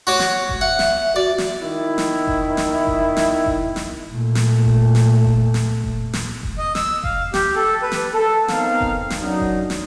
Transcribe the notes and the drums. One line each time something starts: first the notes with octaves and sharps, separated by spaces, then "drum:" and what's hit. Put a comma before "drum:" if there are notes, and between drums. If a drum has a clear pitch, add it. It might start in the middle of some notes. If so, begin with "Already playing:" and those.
F#4 C#5 D6
drum: snare
drum: kick F1
E5 F#5
drum: snare
F#4 D5
drum: snare
D#3 E4
drum: snare
drum: kick F1
drum: snare
drum: kick F1
drum: snare
drum: kick F1
drum: snare
A#2 A3
drum: snare
drum: kick F1
drum: snare
drum: kick F1
drum: snare
drum: kick F1
drum: snare
drum: kick F1
D#5
E6, drum: snare
F5, drum: kick F1
G4, drum: snare
A4
B4
drum: snare
A4
B3 C4 D#4 A#4 F5, drum: snare
drum: kick F1
drum: snare
F#2 F#3 D4 D#4
drum: kick F1
drum: snare